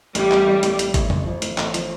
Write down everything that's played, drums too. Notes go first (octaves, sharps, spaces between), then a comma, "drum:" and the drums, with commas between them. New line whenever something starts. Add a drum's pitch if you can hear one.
A1 G3, drum: hi-hat
A1, drum: clap
A1
A1, drum: hi-hat
A1, drum: hi-hat
A1, drum: kick G1, hi-hat
A1, drum: tom
F3
A1, drum: hi-hat
A1, drum: clap
F3, drum: hi-hat